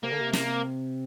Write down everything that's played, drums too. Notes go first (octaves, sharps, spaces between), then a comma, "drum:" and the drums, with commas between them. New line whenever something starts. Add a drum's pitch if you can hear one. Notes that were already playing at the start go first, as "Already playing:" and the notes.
C3 A#3
D3
C3
A#3, drum: snare